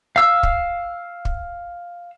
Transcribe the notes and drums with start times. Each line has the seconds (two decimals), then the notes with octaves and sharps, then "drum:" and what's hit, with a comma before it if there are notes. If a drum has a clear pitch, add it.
0.16 F5 E6
0.43 drum: kick
1.25 drum: kick